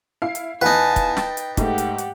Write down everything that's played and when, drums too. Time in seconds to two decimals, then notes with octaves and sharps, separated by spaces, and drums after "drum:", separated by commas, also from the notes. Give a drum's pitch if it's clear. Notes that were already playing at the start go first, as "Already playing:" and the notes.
0.22 E4 F5 C7
0.35 drum: hi-hat
0.62 E2 D#4 B4 F5 F#5 G#5 A5
0.96 drum: kick, hi-hat
1.17 G5 A6, drum: snare
1.37 drum: hi-hat
1.57 G#2 A3 G4 F#5, drum: kick, hi-hat
1.78 drum: hi-hat
1.98 drum: hi-hat